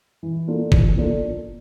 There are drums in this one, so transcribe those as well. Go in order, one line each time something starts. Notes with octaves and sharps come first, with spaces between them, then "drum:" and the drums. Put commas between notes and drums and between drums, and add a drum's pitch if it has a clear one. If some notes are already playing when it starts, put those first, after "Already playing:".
E3
A#3 D4 F4 A4
E3, drum: kick G1
A#3 D4 F4 A4